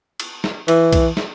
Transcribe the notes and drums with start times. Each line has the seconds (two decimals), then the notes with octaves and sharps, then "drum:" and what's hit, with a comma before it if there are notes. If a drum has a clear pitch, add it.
0.20 drum: cymbal
0.44 drum: snare
0.68 E3, drum: cymbal
0.92 drum: kick B1, cymbal
1.17 drum: snare